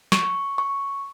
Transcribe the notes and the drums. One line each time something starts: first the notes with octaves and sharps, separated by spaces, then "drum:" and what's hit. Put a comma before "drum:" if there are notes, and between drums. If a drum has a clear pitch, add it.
C#6, drum: snare
C#6